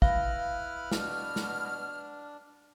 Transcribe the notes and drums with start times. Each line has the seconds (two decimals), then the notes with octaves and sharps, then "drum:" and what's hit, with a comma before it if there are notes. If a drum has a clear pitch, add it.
0.02 E4 B4 F5 F6, drum: kick
0.91 B2 D4 F6, drum: snare
1.36 drum: snare